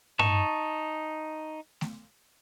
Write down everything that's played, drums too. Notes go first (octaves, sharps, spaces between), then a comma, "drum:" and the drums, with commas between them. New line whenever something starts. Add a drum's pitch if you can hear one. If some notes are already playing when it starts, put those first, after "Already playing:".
D#4 A5 C#6, drum: tom G2
drum: snare A3